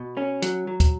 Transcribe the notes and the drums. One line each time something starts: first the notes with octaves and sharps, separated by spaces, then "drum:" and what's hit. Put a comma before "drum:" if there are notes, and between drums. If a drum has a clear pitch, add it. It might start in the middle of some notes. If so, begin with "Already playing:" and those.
Already playing: B2
C#4
F#3, drum: hi-hat
F#3
drum: kick, hi-hat